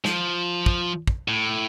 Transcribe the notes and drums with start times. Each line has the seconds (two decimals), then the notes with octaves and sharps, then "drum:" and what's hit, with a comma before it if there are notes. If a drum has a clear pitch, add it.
0.05 F3, drum: snare
0.66 drum: kick
1.07 drum: kick
1.28 A2